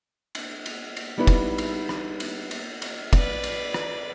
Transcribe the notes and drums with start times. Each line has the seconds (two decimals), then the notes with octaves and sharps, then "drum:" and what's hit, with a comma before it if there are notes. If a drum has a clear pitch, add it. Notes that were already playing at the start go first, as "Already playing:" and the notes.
0.35 drum: cymbal
0.66 drum: cymbal
0.97 drum: cymbal
1.18 G3 B3 D#4 E4 B4
1.27 drum: kick, cymbal
1.58 drum: cymbal
1.89 drum: rim click
2.20 drum: cymbal
2.51 drum: cymbal
2.82 drum: cymbal
3.13 B4 D5, drum: kick, cymbal
3.44 drum: cymbal
3.74 drum: rim click